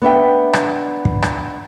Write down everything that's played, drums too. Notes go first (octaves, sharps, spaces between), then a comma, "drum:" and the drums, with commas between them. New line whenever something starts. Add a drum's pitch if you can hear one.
B3 D4 E5 G5
drum: rim click
drum: kick
drum: rim click